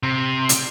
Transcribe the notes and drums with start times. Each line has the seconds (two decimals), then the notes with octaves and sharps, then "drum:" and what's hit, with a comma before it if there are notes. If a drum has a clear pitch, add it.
0.03 C3
0.49 drum: hi-hat